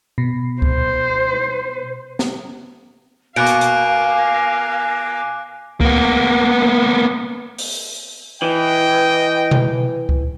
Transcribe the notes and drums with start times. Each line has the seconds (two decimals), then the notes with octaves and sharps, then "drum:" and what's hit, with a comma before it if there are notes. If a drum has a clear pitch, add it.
0.18 B2
0.62 C5, drum: kick C#2
2.19 drum: snare
3.36 B2 A#3 F5 G#5 D6 F#6 D7
3.46 drum: hi-hat
3.61 drum: hi-hat
5.81 A#3 B3, drum: kick C#2
7.58 drum: open hi-hat
8.42 E3 D#5 G5
9.51 drum: tom B2
10.09 drum: kick C#2